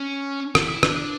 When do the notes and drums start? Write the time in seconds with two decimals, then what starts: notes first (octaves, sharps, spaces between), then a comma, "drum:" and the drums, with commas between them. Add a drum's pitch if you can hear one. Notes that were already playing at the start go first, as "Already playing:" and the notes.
Already playing: C#4
0.55 F4, drum: rim click
0.60 E4
0.83 D4, drum: rim click